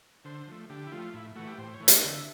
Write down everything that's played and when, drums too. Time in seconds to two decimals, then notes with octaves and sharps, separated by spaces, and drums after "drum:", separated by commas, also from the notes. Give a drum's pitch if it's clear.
0.25 D3 C5
0.48 F3 A3
0.70 D3 G4
0.87 E4
0.92 F3 A3 F4
1.14 A2 E4
1.36 E3 A3 F#4
1.47 G4
1.58 A2 C5
1.74 C#5
1.80 E3 A3
1.88 D#5, drum: hi-hat
1.95 F5
2.03 D3 E5